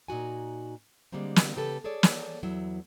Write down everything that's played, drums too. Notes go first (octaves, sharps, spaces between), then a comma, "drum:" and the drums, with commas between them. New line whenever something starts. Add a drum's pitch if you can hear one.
A#2 D#4 F#4 G#5
D3 G3 G#3 A#3 C4
drum: snare
C#3 G4 A4 B4
G#4 A4 C#5 D5
drum: snare
E2 F#3 E4